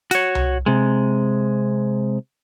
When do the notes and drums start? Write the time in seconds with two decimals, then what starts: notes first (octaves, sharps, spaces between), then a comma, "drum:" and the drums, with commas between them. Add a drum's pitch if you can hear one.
0.11 F#4 C#5, drum: hi-hat
0.35 drum: tom C2
0.66 C3 G#3